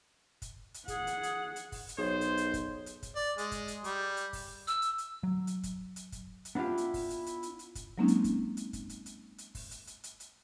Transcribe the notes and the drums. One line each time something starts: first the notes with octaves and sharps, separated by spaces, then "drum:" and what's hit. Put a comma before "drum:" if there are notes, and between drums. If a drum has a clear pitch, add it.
drum: kick, hi-hat
drum: hi-hat
G#4 F#5, drum: kick, hi-hat
drum: hi-hat
drum: hi-hat
drum: hi-hat
drum: kick, open hi-hat
drum: hi-hat
B1 G#4 C5 C#5
drum: hi-hat
drum: hi-hat
drum: kick, hi-hat
drum: hi-hat
drum: kick, hi-hat
D5
G#3, drum: hi-hat
drum: kick, hi-hat
drum: hi-hat
G3, drum: hi-hat
drum: hi-hat
drum: kick, open hi-hat
E6, drum: hi-hat
drum: hi-hat
drum: hi-hat
F#3
drum: hi-hat
drum: kick, hi-hat
drum: hi-hat
drum: kick, hi-hat
drum: hi-hat
B3 D4 E4 F4 G4
drum: hi-hat
drum: kick, open hi-hat
drum: hi-hat
drum: hi-hat
drum: hi-hat
drum: hi-hat
drum: kick, hi-hat
F#3 G#3 A#3 C4 C#4 D#4
drum: hi-hat
drum: kick, hi-hat
drum: hi-hat
drum: kick, hi-hat
drum: hi-hat
drum: hi-hat
drum: hi-hat
drum: kick, open hi-hat
drum: hi-hat
drum: hi-hat
drum: hi-hat
drum: hi-hat